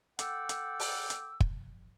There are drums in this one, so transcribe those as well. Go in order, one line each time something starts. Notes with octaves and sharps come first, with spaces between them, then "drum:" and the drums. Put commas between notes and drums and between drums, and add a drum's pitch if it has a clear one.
A4 F#5 G5 D6 E6, drum: hi-hat
drum: hi-hat
drum: open hi-hat
drum: hi-hat
drum: kick